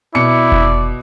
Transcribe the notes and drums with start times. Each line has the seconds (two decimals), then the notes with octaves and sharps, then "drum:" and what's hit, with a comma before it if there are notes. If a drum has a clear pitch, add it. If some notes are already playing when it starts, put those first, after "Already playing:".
0.15 B2 E4 D5 C#7
0.52 drum: kick F1